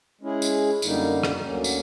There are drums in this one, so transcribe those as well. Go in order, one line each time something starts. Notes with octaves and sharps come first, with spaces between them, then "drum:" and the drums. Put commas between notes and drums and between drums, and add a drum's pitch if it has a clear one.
G#3 C#4 E4 G#4
drum: tambourine
F#2 D3 G3 A#3 D#4, drum: tambourine
drum: rim click
D2 D3 F#3 A#3 C#4
drum: tambourine